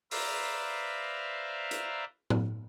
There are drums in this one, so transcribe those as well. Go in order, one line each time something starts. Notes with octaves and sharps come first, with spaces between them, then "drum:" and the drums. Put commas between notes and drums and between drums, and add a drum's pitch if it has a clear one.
B4 C5 D5 E5 F5 A#5, drum: open hi-hat
drum: hi-hat
drum: tom